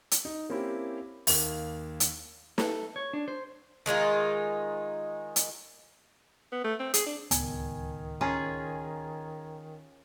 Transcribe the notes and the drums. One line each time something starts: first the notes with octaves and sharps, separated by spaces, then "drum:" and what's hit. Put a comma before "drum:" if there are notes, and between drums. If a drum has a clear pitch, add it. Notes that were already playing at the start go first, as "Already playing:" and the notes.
drum: hi-hat
D#4
A#3 C4 C#4 E4 G4
D#2 A#3, drum: open hi-hat
drum: hi-hat
A4, drum: snare
C#5
D4
C5
D#3 G#3 D#4 F4
drum: hi-hat
B3
A3
C4
G#4, drum: hi-hat
D4
D1 C#2 D#3 B3 G#5, drum: hi-hat
C#4 F4 G#4 G#5 A#5